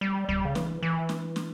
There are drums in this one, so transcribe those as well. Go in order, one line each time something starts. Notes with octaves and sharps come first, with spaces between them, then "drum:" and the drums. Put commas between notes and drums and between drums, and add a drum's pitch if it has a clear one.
G3
G3, drum: kick C#2
C#3
E3, drum: snare
E3
drum: snare
drum: snare